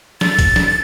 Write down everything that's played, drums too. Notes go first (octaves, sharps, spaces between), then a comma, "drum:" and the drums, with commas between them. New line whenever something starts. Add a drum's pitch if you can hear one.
A6, drum: snare
drum: kick B1, hi-hat
drum: snare